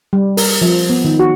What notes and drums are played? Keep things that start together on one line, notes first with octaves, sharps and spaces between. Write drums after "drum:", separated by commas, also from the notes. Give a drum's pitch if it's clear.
G3
A#4, drum: open hi-hat
F3
B3
D#3
F#4